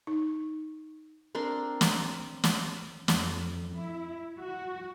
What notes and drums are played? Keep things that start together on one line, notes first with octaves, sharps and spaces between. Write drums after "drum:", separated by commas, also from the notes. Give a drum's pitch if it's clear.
D#4
C4 D4 A#4 C6
drum: snare
drum: snare
F2, drum: snare
E4
F#4